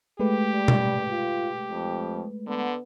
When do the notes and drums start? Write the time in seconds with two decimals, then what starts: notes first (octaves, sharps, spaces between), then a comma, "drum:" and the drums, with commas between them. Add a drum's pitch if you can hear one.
0.20 G#3 A3 G4 B4
0.52 G3
0.68 drum: tom B2
1.10 F4
1.71 F2
2.47 D3 B3